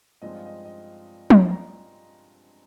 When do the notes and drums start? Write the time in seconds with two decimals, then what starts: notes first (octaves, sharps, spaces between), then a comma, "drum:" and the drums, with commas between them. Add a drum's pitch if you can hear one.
0.22 G2 F3 G#3 C4 D#4 D#5
0.35 F5
0.46 D#5
0.65 D#5
1.30 drum: tom
1.51 A#5